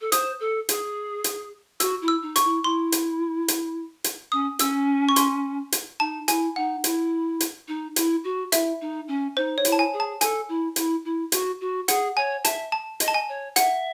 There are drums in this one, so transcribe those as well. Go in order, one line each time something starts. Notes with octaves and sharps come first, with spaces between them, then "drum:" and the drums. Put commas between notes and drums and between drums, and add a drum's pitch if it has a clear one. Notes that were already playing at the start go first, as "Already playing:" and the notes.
A4
C5 D#6, drum: hi-hat
A4
G#4, drum: hi-hat
drum: hi-hat
F#4 E6, drum: hi-hat
E4
E6
D#4
C#6, drum: hi-hat
E4
E4 C6
drum: hi-hat
drum: hi-hat
drum: hi-hat
C#4 D#6
C#4 E6, drum: hi-hat
C#6
C6, drum: hi-hat
drum: hi-hat
D#4 A5
E4 G#5, drum: hi-hat
D#4 F#5
E4, drum: hi-hat
drum: hi-hat
D#4
E4, drum: hi-hat
F#4
E4 E5, drum: hi-hat
D#4
C#4
D#4 C5
C#5
E4, drum: hi-hat
A5
G#5
G#4
A5
A4 G#5, drum: hi-hat
E4
E4, drum: hi-hat
E4
F#4, drum: hi-hat
F#4
G#4 F#5, drum: hi-hat
C#5 G#5
E5 A5, drum: hi-hat
A5
D#5, drum: hi-hat
A5
G#5
C#5
E5 F#5, drum: hi-hat